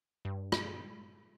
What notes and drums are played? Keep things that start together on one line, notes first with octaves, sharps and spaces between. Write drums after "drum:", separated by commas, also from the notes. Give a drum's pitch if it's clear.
G2
drum: rim click